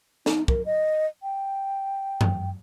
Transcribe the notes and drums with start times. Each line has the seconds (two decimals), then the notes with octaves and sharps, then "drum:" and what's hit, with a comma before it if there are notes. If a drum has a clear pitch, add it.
0.26 D#4, drum: snare
0.48 A#4, drum: kick
0.66 D#5
1.23 G5
2.21 drum: tom F#2